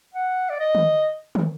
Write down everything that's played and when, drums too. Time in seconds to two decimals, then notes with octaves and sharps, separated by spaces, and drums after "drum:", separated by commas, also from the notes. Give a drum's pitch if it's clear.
0.15 F#5
0.50 D5
0.60 D#5
0.75 drum: tom
1.35 drum: tom